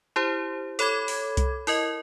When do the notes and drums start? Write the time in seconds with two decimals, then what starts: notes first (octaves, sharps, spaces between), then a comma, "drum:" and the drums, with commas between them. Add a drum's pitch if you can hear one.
0.16 E4 G4 C5
0.79 A4 C#5 B5 D6 G#6, drum: hi-hat
1.08 drum: open hi-hat
1.37 drum: kick C2, hi-hat
1.67 E4 A#4 D#5, drum: open hi-hat